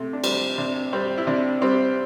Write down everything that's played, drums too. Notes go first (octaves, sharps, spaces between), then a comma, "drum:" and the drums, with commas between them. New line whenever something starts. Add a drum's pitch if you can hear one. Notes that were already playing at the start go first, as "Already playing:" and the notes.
Already playing: C3 A3
D4
G3 C4, drum: cymbal
C3 D4
G3 C4
E4
C3 D4
G3 C4